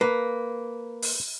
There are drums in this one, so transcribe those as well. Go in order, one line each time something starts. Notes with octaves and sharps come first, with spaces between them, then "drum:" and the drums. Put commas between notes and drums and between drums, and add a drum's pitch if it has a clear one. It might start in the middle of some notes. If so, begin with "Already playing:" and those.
A#3 B4
drum: open hi-hat